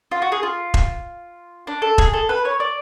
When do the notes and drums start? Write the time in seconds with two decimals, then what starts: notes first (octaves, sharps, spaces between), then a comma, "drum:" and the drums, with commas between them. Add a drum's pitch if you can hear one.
0.11 F4
0.22 F#4
0.32 G#4
0.43 F4
0.74 drum: kick E1
1.67 D4
1.82 A4
1.98 G#4, drum: kick E1
2.13 A4
2.29 B4
2.45 C#5
2.60 D5